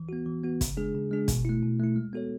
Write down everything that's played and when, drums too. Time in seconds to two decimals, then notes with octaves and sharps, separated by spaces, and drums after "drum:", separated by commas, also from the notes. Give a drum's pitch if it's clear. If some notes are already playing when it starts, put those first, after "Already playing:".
Already playing: E3
0.09 B3 F#4
0.26 E3
0.43 B3 F#4
0.61 C#3, drum: kick, hi-hat
0.77 G#3 D4 G#4
0.94 C#3
1.11 G#3 D4 G#4
1.28 B2, drum: kick, hi-hat
1.45 A3 E4
1.62 B2
1.80 A3 E4
1.96 G#3
2.13 B3 F#4 A4 C#5